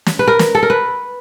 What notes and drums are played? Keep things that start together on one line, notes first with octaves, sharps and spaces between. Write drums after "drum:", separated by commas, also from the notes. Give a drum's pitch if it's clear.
drum: snare
B4
A#4
drum: snare
A4
A#4
B4